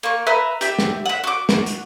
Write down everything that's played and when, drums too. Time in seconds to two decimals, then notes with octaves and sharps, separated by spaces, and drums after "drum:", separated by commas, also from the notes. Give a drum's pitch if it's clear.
0.03 A#3 C#6
0.27 B4 E5 A#5 F6
0.61 G4 E5, drum: hi-hat
0.79 drum: snare
1.06 E5 F#5
1.24 F#4 D6
1.49 drum: snare
1.66 drum: hi-hat